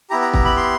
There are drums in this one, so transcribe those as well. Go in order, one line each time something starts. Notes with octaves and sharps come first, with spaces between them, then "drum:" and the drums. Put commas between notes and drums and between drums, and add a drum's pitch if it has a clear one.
B3 E4 G4 A#5
A#5
A#5, drum: kick
B5
C6